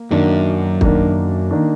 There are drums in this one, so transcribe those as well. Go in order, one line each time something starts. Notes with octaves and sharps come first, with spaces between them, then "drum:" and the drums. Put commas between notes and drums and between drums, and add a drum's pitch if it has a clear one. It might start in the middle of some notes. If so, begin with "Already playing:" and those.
Already playing: A#3
F#2 D#3 A#3 D4
D#3 A#3 D4, drum: kick
D#3 A#3 D4